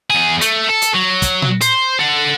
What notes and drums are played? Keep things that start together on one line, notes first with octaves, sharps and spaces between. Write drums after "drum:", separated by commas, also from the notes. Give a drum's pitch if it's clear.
E2 G#4
A3, drum: hi-hat
A4
drum: hi-hat
F#3
drum: kick, hi-hat
drum: tom A#2
C5, drum: hi-hat
A4 F#5